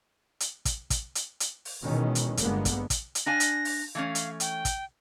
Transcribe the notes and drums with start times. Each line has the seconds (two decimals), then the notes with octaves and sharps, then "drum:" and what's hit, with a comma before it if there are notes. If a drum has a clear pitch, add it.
0.40 drum: hi-hat
0.65 drum: kick, hi-hat
0.90 drum: kick, hi-hat
1.15 drum: hi-hat
1.40 drum: hi-hat
1.65 drum: open hi-hat
1.82 B2 D#3 E3 G#3 C#4
2.15 drum: hi-hat
2.37 G1 D3 G#3 A#3 B3, drum: hi-hat
2.65 drum: kick, hi-hat
2.90 drum: kick, hi-hat
3.15 drum: hi-hat
3.26 D4 F5 G#5 A#6
3.40 drum: hi-hat
3.65 drum: open hi-hat
3.95 E3 A3 C#4 F5
4.15 drum: hi-hat
4.40 G5, drum: hi-hat
4.65 drum: kick, hi-hat